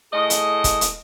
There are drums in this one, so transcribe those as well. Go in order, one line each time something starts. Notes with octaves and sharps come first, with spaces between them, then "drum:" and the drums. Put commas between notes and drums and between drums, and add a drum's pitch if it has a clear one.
A2 G#4 D#5
drum: hi-hat
drum: kick, hi-hat
drum: hi-hat